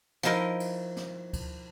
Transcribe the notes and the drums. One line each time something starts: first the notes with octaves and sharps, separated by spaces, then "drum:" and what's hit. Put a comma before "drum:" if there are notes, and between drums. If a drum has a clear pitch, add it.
F3 D#4 E4 A#4 D#5
drum: cymbal
drum: snare
drum: kick D2, cymbal